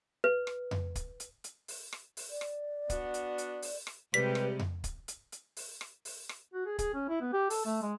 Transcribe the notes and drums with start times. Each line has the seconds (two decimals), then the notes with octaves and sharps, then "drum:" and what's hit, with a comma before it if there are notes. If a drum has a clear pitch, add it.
0.24 B4
0.47 drum: rim click
0.71 drum: tom F2
0.95 drum: kick, hi-hat
1.20 drum: hi-hat
1.44 drum: hi-hat
1.68 drum: open hi-hat
1.93 drum: rim click
2.17 drum: open hi-hat
2.30 D5
2.41 drum: rim click
2.90 B3 D4 F#4, drum: kick, hi-hat
3.14 drum: hi-hat
3.38 drum: hi-hat
3.62 drum: open hi-hat
3.87 drum: rim click
4.14 C3 G3 G#3 B4 B6
4.35 drum: rim click
4.59 drum: tom F2
4.84 drum: kick, hi-hat
5.08 drum: hi-hat
5.32 drum: hi-hat
5.56 drum: open hi-hat
5.81 drum: rim click
6.05 drum: open hi-hat
6.29 drum: rim click
6.54 F#4
6.66 G#4
6.79 G#4, drum: kick, hi-hat
6.94 C#4
7.09 E4
7.21 B3
7.33 G4
7.50 A4, drum: open hi-hat
7.65 A3
7.82 G#3